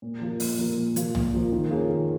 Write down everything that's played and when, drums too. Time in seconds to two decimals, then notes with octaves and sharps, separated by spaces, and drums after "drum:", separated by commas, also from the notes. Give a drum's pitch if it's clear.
0.02 A#2
0.21 F3 A#3 F4
0.40 A#2, drum: open hi-hat
0.59 F3 A#3 F4
0.77 A#2
0.96 F3 A#3 F4, drum: hi-hat
1.15 A#2, drum: tom
1.33 F3 A#3 F4
1.52 D#3
1.71 A#3 C#4 F4 G#4
1.89 D#3